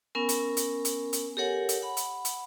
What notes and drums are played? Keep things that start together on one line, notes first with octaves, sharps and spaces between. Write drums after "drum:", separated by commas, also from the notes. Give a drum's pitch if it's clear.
B3 C#4 A#4 G#5
drum: hi-hat
drum: hi-hat
drum: hi-hat
drum: hi-hat
G4 A4 A#4 C#5 F#5 G#5
drum: hi-hat
F#5 B5
drum: hi-hat
drum: hi-hat